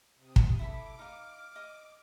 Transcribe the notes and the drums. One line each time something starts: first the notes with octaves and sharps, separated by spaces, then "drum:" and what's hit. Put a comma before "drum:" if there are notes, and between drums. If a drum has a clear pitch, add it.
C3 D#6
drum: kick
E4 A4 B5 D6
D#4 F5 F6
D#5 D#6